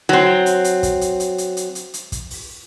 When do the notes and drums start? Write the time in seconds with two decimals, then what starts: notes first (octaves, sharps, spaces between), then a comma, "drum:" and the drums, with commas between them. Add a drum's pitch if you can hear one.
0.09 F#3 C4
0.46 drum: hi-hat
0.64 drum: hi-hat
0.83 drum: kick, hi-hat
1.01 drum: hi-hat
1.20 drum: hi-hat
1.38 drum: hi-hat
1.57 drum: hi-hat
1.75 drum: hi-hat
1.94 drum: hi-hat
2.12 drum: kick, hi-hat
2.30 drum: open hi-hat